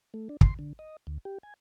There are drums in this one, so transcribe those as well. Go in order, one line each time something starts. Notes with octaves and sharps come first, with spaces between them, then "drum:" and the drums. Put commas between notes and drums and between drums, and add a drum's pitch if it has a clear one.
A3
D4
C6, drum: kick
D3
D#5
D2
G4
G#5